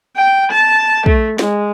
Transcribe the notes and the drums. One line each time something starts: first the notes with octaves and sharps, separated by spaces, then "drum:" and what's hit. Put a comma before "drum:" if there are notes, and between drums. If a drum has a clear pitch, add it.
G5
A5
A3, drum: kick
G#3, drum: snare